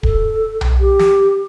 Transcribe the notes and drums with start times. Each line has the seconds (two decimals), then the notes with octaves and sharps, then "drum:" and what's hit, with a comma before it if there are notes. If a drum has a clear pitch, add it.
0.03 A4, drum: kick D1
0.61 drum: tom B1
0.80 G4
0.99 drum: snare